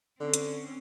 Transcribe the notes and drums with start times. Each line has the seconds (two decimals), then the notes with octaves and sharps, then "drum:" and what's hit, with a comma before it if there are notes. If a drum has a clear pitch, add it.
0.20 D3 C4 C#4
0.34 drum: hi-hat